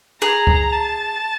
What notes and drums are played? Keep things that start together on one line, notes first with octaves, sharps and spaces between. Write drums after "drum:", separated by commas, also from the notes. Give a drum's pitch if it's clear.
G#4 A#5
drum: kick C#2
A5